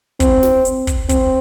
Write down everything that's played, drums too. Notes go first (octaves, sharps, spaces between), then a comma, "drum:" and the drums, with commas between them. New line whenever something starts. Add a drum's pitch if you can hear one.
C4, drum: kick, hi-hat
drum: snare
drum: hi-hat
drum: kick, hi-hat
C4, drum: kick, hi-hat